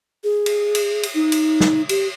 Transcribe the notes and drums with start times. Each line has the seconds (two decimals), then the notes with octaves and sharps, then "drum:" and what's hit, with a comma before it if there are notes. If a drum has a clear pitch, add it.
0.24 G#4
0.46 drum: cymbal
0.75 drum: cymbal
1.03 drum: cymbal
1.15 D#4
1.32 drum: cymbal
1.61 drum: snare
1.89 G4, drum: cymbal